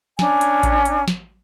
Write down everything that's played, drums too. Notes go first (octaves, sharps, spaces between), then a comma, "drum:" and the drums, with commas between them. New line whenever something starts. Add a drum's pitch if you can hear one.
C#4 D4 G#5 A#5, drum: snare
drum: hi-hat
drum: kick A1, hi-hat
drum: hi-hat
drum: snare